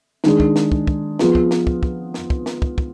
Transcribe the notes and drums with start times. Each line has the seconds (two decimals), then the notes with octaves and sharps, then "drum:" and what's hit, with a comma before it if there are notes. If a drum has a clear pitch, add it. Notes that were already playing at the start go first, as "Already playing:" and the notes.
0.24 D#3 G#3 D4 G#4, drum: snare
0.40 drum: kick
0.56 drum: snare
0.72 drum: kick
0.87 drum: kick
1.19 F3 B3 F4 G#4, drum: snare
1.35 drum: kick
1.51 drum: snare
1.67 drum: kick
1.83 drum: kick
2.14 drum: snare
2.30 drum: kick
2.46 drum: snare
2.62 drum: kick
2.78 drum: kick